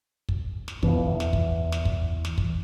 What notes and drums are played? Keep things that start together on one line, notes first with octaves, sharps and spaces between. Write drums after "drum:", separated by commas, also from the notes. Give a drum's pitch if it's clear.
drum: kick
drum: snare
F2 B2 E3, drum: kick
E2
drum: snare
drum: kick
drum: snare
drum: kick
drum: snare
drum: kick